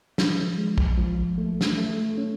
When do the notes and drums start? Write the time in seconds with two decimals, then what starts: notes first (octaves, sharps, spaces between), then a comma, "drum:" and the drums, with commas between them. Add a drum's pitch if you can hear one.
0.18 F3, drum: snare
0.58 G#3
0.78 drum: kick
0.98 F3
1.38 A3
1.61 drum: snare
1.77 A3
2.18 C#4